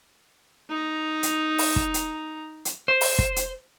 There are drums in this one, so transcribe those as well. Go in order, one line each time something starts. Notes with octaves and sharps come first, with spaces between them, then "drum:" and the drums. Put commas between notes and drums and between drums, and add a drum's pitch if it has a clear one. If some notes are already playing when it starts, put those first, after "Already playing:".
D#4 A#5
drum: hi-hat
drum: open hi-hat
drum: kick
drum: hi-hat
drum: hi-hat
C5
drum: open hi-hat
drum: kick
drum: hi-hat